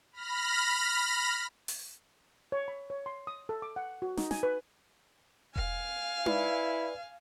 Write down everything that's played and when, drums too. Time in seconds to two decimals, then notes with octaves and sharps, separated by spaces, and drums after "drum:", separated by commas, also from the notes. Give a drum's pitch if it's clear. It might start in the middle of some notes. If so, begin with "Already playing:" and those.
0.13 B5 F6 A#6
1.68 drum: open hi-hat
2.52 C#5
2.68 B5
2.90 C#5
3.06 C6
3.27 D#6
3.49 A4
3.62 D6
3.76 F#5
4.02 F#4
4.17 D#4, drum: snare
4.31 G#5, drum: snare
4.43 B4
5.56 F5 G#5, drum: kick E1
6.26 E4 B4 D5, drum: tom D#4